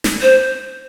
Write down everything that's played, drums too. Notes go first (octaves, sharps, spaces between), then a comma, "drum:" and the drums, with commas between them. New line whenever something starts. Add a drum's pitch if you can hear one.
drum: snare
C5